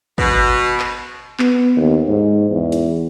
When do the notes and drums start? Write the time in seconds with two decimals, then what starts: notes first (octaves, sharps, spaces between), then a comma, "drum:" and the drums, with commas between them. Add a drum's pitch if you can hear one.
0.18 B2, drum: kick
0.80 drum: clap
1.39 B3, drum: clap
1.77 D#2
2.08 G#2
2.51 E2
2.72 drum: hi-hat